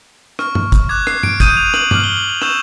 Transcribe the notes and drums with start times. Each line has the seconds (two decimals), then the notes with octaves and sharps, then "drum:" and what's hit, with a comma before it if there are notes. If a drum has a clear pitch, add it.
0.39 C#6 F6, drum: rim click
0.55 drum: tom G2
0.72 drum: kick G1, hi-hat
0.89 D6 F#6 G#6
1.07 C7, drum: rim click
1.23 D7, drum: tom G2
1.40 D#6 G6 D#7, drum: kick G1, hi-hat
1.57 F7
1.74 F#7, drum: rim click
1.91 D6 F6 F#7, drum: tom G2
2.04 G7
2.17 F#7
2.30 F7
2.42 C#6 E6 G6 E7, drum: rim click